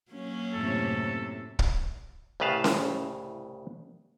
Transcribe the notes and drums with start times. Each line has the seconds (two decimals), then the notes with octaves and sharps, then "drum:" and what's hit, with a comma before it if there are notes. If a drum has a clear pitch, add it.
0.12 F#3 A#3 C#4
0.54 F#2 A2 C3 A4
1.59 drum: kick
2.40 C2 A2 C#3 B4 F5 A5
2.64 drum: snare C#4